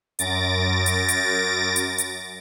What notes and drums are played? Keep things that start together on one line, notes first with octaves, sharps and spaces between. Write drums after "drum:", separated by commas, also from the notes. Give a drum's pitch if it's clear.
F#2 A6 A#6 D7, drum: hi-hat
drum: hi-hat
drum: hi-hat
drum: hi-hat
drum: hi-hat